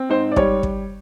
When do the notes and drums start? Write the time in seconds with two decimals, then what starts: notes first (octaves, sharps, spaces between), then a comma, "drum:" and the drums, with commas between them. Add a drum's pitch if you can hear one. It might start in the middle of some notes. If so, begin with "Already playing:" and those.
Already playing: C4
0.09 G#2 C5
0.32 D5
0.36 G3 C#5, drum: kick
0.63 drum: kick